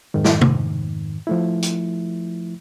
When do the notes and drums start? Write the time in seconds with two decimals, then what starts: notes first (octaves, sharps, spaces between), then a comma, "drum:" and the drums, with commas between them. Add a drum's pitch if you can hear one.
0.14 F2 G#2 D#3
0.24 drum: snare
0.41 drum: tom C3
1.27 F3 A3 E4
1.62 drum: hi-hat